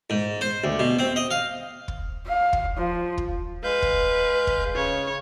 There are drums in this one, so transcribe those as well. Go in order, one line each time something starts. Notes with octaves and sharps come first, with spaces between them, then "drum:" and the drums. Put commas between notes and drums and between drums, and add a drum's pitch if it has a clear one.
G#2
C5
D2
B2
C4
D#5
F5
drum: kick
F5
drum: kick
F3
drum: kick
G#3 B4 F5 G6
drum: kick
drum: kick
C#3 C#5